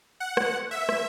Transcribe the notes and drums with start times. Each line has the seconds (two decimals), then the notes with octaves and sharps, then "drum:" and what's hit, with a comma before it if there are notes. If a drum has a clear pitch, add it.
0.20 F#5
0.37 drum: rim click
0.71 E5
0.89 drum: rim click